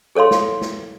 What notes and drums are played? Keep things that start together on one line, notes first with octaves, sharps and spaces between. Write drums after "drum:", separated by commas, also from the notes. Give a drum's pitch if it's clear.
G#4 A4 C#5 F5 C6
drum: snare
drum: snare